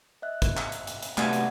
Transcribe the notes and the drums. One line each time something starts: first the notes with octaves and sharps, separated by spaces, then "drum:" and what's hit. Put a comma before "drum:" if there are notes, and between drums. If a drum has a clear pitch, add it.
D#5 E5 F#6
drum: kick, hi-hat
drum: clap
drum: hi-hat
drum: hi-hat
drum: hi-hat
C3 F#3 A3 B3 D5 F#5 G#6, drum: clap
drum: hi-hat